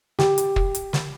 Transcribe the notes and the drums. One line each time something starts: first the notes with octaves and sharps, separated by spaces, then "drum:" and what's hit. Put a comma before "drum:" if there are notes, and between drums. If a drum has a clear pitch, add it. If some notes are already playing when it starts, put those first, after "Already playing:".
G4, drum: snare
drum: hi-hat
drum: kick
drum: hi-hat
drum: snare